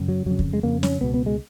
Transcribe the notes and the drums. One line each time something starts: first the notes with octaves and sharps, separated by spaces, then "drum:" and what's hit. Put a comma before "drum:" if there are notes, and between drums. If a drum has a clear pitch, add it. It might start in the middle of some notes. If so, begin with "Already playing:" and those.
Already playing: F#2 C#3
F#3
F2 C#3 F#3
drum: kick
G#3
F2 C#3 A#3
C#4, drum: snare
C#2 B2 B3
B3
G#3